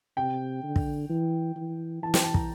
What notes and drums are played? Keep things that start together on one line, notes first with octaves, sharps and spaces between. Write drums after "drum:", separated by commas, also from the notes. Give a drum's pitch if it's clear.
C3 G5
D3
drum: kick
E3
E3
E3 A5
G5, drum: snare
A5
A#5, drum: kick